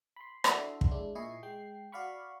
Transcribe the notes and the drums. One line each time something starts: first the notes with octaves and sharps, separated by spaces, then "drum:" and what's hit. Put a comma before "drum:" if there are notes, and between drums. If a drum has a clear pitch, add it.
B5 C6
D4 E4 F#4 A4 E5 C6, drum: rim click
drum: kick
G#3 D4 E4
A#2 E4 D#5 G#5 C#6 C7
G#3 G5 C7
F#4 D5 F5 B5 C#6